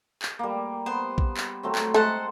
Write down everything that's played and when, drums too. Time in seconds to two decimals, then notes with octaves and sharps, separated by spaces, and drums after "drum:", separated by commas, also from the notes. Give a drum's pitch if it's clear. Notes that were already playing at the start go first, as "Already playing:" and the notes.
0.22 drum: clap
0.39 G3 A#3
0.86 B3 C5
1.18 drum: kick A#1
1.37 drum: clap
1.63 F#3 A3 C4
1.75 drum: clap
1.94 G#3 A3 A4 C5 F#5